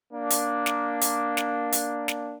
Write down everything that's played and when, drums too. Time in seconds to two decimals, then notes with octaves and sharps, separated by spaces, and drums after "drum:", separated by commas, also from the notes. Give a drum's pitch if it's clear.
0.13 A#3 D4
0.30 drum: hi-hat
0.66 drum: snare
1.01 drum: hi-hat
1.37 drum: snare
1.72 drum: hi-hat
2.08 drum: snare